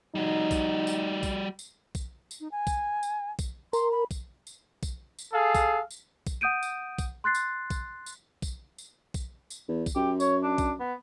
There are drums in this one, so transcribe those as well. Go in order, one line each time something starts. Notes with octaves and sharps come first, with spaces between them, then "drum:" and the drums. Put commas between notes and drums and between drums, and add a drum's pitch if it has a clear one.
G3 D#4 F#4
drum: kick B1, tambourine
drum: tambourine
drum: kick B1, tambourine
drum: tambourine
drum: kick B1, tambourine
drum: tambourine
D#4
G#5
drum: kick B1, tambourine
drum: tambourine
drum: kick B1, tambourine
A#4 C6, drum: tambourine
B5
drum: kick B1, tambourine
drum: tambourine
drum: kick B1, tambourine
drum: tambourine
G#4 A4 F5
drum: kick B1, tambourine
drum: tambourine
drum: kick B1, tambourine
F#5 D#6 G6 D7 D#7
drum: tambourine
drum: kick B1, tambourine
C6 F#6 A6 C7
drum: tambourine
drum: kick B1, tambourine
drum: tambourine
drum: kick B1, tambourine
drum: tambourine
drum: kick B1, tambourine
drum: tambourine
E2
drum: kick B1, tambourine
F#2 G4
C#5, drum: tambourine
D4
drum: kick B1, tambourine
B3